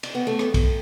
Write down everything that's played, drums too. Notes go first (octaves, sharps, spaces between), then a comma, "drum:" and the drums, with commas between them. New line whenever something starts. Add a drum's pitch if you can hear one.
D4, drum: cymbal
B3
A3
B3, drum: rim click
drum: kick, cymbal